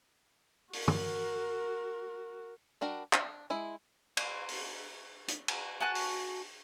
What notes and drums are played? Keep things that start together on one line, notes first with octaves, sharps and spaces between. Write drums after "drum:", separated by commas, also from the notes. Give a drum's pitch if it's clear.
F#4 A#4, drum: open hi-hat
drum: tom
G3 D4 F#4 A#4
D4, drum: clap
G#3 E4
C6, drum: cymbal
drum: open hi-hat
drum: hi-hat
drum: cymbal
F#4 G#5 A5 F#6
drum: open hi-hat